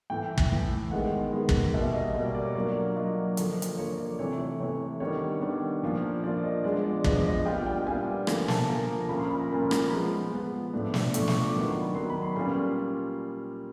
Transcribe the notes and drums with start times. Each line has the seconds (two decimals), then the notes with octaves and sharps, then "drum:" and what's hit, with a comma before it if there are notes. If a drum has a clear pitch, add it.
0.10 A2 E3 A3 G5
0.38 drum: kick
0.51 A2 E3 A3
0.91 D#3 G#3 B3 F#5
1.32 D#3 G#3 B3
1.49 drum: kick
1.73 B2 G3 A#3 E5
1.94 D#5
2.14 B2 G3 A#3
2.25 D5
2.35 D5
2.45 C#5
2.55 F#3 A#3 D4 F4 D5
2.96 F#3 A#3 D4 F4 D#5
3.37 D3 F3 A#3, drum: hi-hat
3.62 drum: hi-hat
3.77 D3 F3 A#3 C#5
3.91 C#5
3.98 D5
4.19 C3 E3 A3 C#5
4.40 C#5
4.60 C3 E3 A3 C#5
5.00 D#3 G3 B3 D4 C#5
5.41 D#3 G3 B3 D4
5.83 A#2 F3 A#3 D4 F4
6.23 A#2 F3 A#3 D4 F4 D5
6.44 D#5
6.64 F3 G#3 B3 D4 D5
6.85 D5
7.04 F3 G#3 B3 D4 D#5, drum: kick
7.25 D#5
7.46 A#2 G3 B3 D4 F4 G5
7.66 G5
7.87 A#2 G3 B3 D4 F4 G#5
8.27 D3 F3 A#3 G#5, drum: rim click
8.48 A5, drum: snare
8.69 D3 F3 A#3 A#5
8.99 A#5
9.09 A#2 F3 A#3 C#4 F4 B5
9.20 C6
9.30 B5
9.39 A#5
9.50 A#2 F3 A#3 C#4 F4 B5
9.71 A#5, drum: rim click
9.90 F3 G#3 B3 B5
10.31 F3 G#3 B3
10.73 A2 F3 A3 D4
10.94 drum: snare
11.14 A2 F3 A3 D4 C#6, drum: hi-hat
11.28 C#6, drum: snare
11.41 D6
11.55 D#3 F#3 B3 D4 C#6
11.69 C6
11.82 B5
11.95 D#3 F#3 B3 D4 C6
12.10 B5
12.22 C6
12.36 A#2 G3 A#3 C#4 F4 C6